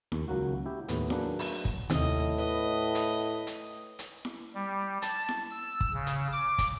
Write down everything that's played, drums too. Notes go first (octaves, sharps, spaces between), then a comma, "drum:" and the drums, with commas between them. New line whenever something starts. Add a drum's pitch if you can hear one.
D#2, drum: snare E4
C#2 F#3 A#3 F#4
E4 G4
D#2 A2 B3, drum: hi-hat
F#3 A#3 D4 G#4 B4, drum: snare E4
drum: open hi-hat
drum: kick
D#2 A2 C3 D#5, drum: hi-hat
B4 D#5
drum: hi-hat
drum: hi-hat
drum: hi-hat
drum: snare E4
G3
A5, drum: hi-hat
drum: snare E4
E6
drum: kick
C#3
drum: hi-hat
D6
drum: kick, hi-hat